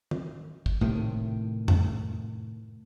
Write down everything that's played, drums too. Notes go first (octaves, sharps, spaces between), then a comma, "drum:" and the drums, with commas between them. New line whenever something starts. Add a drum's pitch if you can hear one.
drum: tom
drum: kick
A2 C3 D#3
drum: tom F2